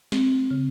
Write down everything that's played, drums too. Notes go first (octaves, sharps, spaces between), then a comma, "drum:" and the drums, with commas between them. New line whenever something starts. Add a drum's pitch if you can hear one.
C4, drum: snare
C#3